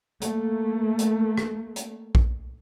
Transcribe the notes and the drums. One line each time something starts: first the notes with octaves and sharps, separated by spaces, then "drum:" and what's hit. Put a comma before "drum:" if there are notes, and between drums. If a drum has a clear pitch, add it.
A3 A#3, drum: hi-hat
drum: hi-hat
drum: rim click
drum: hi-hat
drum: kick A#1